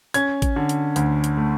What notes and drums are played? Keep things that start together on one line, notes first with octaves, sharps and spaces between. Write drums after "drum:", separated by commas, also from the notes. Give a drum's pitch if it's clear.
C#4 G#6, drum: hi-hat
drum: kick A1, hi-hat
D3
drum: hi-hat
D2, drum: hi-hat
drum: hi-hat
A3